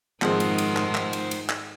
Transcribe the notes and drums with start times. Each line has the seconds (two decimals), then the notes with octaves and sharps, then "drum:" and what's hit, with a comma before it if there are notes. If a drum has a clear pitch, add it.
0.22 G#2 D#3 F3 G#3 C4 D#4 C5 F#5, drum: clap
0.40 drum: cymbal
0.58 drum: cymbal
0.77 drum: clap
0.95 drum: clap
1.13 drum: cymbal
1.31 drum: cymbal
1.49 drum: clap